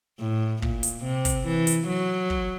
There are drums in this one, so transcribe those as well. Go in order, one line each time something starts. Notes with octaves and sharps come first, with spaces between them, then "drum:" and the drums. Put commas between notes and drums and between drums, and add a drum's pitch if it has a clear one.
A2
A#2, drum: kick
drum: hi-hat
C3
drum: kick, hi-hat
E3
drum: hi-hat
F#3
drum: kick